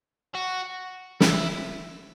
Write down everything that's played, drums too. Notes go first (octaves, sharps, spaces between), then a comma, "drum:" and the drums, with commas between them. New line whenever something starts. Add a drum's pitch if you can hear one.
F#4
E4, drum: snare